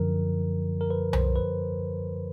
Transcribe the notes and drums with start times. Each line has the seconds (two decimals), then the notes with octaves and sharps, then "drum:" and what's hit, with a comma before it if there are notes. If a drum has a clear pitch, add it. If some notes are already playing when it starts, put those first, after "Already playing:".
Already playing: F#2 D3 F3 A#4
0.81 A#4
0.91 B4
1.13 C5, drum: tom C2
1.36 B4